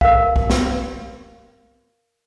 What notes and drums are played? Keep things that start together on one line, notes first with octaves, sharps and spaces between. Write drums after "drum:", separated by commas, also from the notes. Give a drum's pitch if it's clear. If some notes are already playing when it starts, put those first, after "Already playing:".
A#4 F5, drum: kick
drum: kick
drum: snare